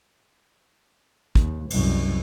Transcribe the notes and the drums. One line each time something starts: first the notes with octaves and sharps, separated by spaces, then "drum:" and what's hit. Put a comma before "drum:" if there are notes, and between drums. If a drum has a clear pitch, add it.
D#2, drum: kick
C2 F#2, drum: cymbal